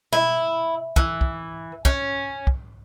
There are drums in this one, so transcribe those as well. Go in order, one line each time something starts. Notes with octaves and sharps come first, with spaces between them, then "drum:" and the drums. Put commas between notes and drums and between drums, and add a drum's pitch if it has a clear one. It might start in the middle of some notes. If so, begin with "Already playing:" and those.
E4, drum: tom B2
E3, drum: kick
drum: kick
C#4, drum: kick
drum: kick